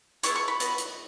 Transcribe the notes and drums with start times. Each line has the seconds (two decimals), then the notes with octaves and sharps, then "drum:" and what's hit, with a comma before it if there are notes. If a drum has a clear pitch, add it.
0.23 B3 E4 G#4 C#6, drum: hi-hat
0.35 C#6
0.48 B5
0.60 B3 F#4, drum: hi-hat
0.78 drum: hi-hat